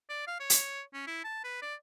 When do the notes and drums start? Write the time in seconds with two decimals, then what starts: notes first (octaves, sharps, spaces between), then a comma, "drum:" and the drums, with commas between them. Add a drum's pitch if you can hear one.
0.09 D5
0.27 F5
0.40 C#5
0.50 drum: hi-hat
0.94 C#4
1.07 E4
1.24 A5
1.44 B4
1.62 D5